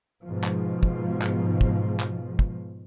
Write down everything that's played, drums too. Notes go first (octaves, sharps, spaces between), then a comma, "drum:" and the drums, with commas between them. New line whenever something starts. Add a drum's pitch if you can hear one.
G#2 B2 F3
drum: clap
drum: kick
drum: clap
drum: kick
drum: clap
drum: kick